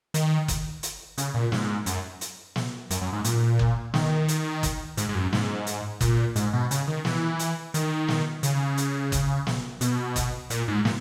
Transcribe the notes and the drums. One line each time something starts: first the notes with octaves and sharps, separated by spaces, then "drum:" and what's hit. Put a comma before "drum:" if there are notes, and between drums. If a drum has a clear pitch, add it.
D#3, drum: hi-hat
drum: kick F#1, hi-hat
drum: hi-hat
C#3, drum: hi-hat
A#2
G#2, drum: snare
F#2, drum: hi-hat
drum: hi-hat
drum: snare
F#2, drum: hi-hat
F#2
G#2
A#2, drum: hi-hat
drum: kick F#1
D#3, drum: snare
drum: hi-hat
drum: kick F#1, hi-hat
G#2, drum: hi-hat
G#2
F#2
G#2, drum: snare
drum: hi-hat
A#2, drum: kick F#1, hi-hat
G#2, drum: hi-hat
B2
C#3, drum: hi-hat
D#3
E3, drum: snare
drum: hi-hat
D#3, drum: hi-hat
drum: snare
C#3, drum: hi-hat
drum: hi-hat
drum: kick F#1, hi-hat
drum: snare
B2, drum: hi-hat
drum: kick F#1, hi-hat
A#2, drum: hi-hat
G#2
A#2, drum: snare